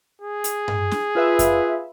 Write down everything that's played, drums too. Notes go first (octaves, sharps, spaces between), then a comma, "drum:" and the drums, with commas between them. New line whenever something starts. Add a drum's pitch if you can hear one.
G#4
drum: hi-hat
drum: tom G2
drum: snare
F4 B4 E5
drum: kick F2, hi-hat